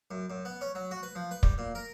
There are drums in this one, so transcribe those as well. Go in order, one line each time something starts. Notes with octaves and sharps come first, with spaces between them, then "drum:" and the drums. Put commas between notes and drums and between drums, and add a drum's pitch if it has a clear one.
F#2
F#2
B3
C#4
F#3
F#4
B4
F3
B4
G3, drum: kick
A#2
A#4